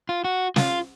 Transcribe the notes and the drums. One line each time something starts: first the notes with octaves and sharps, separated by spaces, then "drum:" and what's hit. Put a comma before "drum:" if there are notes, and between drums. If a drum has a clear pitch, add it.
F4
F#4
F4, drum: snare